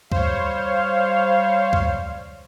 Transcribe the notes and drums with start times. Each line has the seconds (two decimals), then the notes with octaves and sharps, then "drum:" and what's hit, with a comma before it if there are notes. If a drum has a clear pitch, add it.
0.12 G3 C5 C#5 F5, drum: kick C#2
1.73 drum: kick C#2